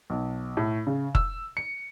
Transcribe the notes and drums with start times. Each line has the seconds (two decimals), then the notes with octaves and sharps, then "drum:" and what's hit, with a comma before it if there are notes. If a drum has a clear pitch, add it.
0.10 B1
0.57 A2
0.87 C#3
1.15 E6, drum: kick F1
1.57 C#7